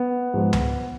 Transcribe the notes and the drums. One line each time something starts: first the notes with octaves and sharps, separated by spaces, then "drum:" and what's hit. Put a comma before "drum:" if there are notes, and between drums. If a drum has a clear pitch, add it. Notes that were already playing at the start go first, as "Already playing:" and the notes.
Already playing: B3
G#2 F3 G#3
drum: tom C#2